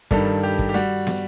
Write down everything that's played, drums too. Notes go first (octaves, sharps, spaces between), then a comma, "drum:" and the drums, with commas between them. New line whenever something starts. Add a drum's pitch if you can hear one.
G2 D#3 G3 A4, drum: kick
G4
drum: kick
G4
G3 F#4
drum: snare